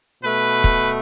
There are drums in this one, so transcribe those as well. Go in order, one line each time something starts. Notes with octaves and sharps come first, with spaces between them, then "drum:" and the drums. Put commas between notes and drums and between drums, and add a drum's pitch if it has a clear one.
B2 A3 B4
drum: kick